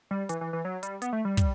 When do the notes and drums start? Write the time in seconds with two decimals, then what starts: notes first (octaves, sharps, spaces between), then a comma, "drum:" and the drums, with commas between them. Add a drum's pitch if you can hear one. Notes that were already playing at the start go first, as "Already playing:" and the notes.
0.11 G3
0.29 E3, drum: hi-hat
0.41 E3
0.53 E3
0.65 F#3
0.83 G3, drum: hi-hat
1.02 B3, drum: hi-hat
1.13 A3
1.25 G3
1.37 drum: kick, hi-hat